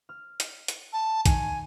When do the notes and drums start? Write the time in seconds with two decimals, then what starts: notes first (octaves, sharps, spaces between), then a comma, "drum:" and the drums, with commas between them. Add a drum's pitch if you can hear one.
0.09 F6
0.40 drum: hi-hat
0.68 drum: hi-hat
0.93 A5
1.26 D#3 G#5, drum: kick A#1, hi-hat